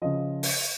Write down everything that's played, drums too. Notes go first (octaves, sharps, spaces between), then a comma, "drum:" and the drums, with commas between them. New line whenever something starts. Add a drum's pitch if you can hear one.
C#3 F3 D#5
drum: open hi-hat